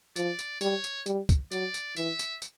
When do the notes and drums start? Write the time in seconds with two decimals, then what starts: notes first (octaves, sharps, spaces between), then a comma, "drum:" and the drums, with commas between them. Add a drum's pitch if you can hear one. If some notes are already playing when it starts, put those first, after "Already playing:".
0.16 F3 D5, drum: tambourine
0.39 drum: tambourine
0.61 G3 C#5, drum: tambourine
0.84 drum: tambourine
1.06 G3, drum: tambourine
1.29 drum: kick C#2, tambourine
1.51 F#3 D5, drum: tambourine
1.74 drum: tambourine
1.96 E3 E5, drum: tambourine
2.19 drum: tambourine
2.42 drum: tambourine